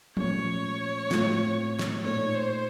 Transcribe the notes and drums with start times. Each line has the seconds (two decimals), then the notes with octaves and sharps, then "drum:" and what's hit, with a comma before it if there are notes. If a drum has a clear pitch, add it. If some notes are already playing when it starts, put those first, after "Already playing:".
0.17 A#2 F3 A3 C#4 C#5, drum: tom F3
1.11 A2 A3 C4 F4, drum: snare
1.79 drum: snare
2.04 A#2 A3 D#4 C#5
2.35 C5